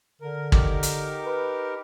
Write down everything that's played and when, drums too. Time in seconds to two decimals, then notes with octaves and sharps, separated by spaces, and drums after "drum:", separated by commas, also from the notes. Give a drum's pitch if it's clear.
0.22 D3 A#4
0.52 D#4 G4 A#4, drum: kick
0.83 drum: hi-hat
1.26 B4